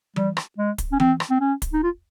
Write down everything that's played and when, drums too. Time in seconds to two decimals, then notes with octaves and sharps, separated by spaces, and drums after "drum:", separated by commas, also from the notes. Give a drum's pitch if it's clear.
0.16 G3, drum: tom E3
0.37 drum: rim click
0.58 G#3
0.78 drum: kick, hi-hat
0.92 C#4
1.00 C4, drum: tom E3
1.20 drum: rim click
1.30 C4
1.40 C#4
1.62 drum: kick, hi-hat
1.73 D#4
1.83 F4